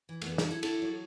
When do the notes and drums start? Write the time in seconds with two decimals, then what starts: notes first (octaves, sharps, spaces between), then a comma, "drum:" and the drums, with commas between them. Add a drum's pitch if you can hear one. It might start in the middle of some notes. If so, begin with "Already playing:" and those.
0.09 E3
0.22 A3, drum: cymbal
0.26 E2 B3
0.38 E4 A4, drum: snare
0.45 F#3 B4
0.51 E4 A4
0.63 D3 E4 A4, drum: cymbal
0.82 F#3